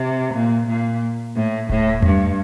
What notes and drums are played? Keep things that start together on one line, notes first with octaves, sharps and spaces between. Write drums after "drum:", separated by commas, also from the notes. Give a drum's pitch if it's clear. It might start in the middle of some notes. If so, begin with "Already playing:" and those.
Already playing: C3
A#2
A#2
A2
A2, drum: kick D#1
G2, drum: tom E2